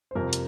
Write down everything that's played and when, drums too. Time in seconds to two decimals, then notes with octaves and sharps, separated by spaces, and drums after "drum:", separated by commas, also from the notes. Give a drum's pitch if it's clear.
0.11 C5
0.15 F2 C3 F3 A#4
0.33 drum: hi-hat